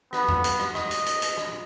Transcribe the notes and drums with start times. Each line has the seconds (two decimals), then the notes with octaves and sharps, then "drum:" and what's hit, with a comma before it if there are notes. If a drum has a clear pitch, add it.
0.13 B3, drum: rim click
0.28 drum: tom F2
0.44 drum: hi-hat
0.60 drum: rim click
0.75 D#5, drum: rim click
0.91 drum: hi-hat
1.06 drum: hi-hat
1.22 drum: hi-hat
1.38 drum: rim click